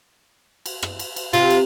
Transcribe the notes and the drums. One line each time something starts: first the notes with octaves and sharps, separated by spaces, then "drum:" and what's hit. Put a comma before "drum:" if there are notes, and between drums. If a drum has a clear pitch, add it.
drum: cymbal
drum: rim click
drum: cymbal
drum: cymbal
C3 F4, drum: cymbal
drum: cymbal